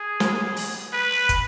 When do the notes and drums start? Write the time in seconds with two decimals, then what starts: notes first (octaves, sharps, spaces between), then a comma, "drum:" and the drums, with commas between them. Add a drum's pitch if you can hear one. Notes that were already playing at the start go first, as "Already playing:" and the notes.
Already playing: G#4
0.20 drum: snare
0.56 drum: open hi-hat
0.93 B4
1.29 drum: kick, hi-hat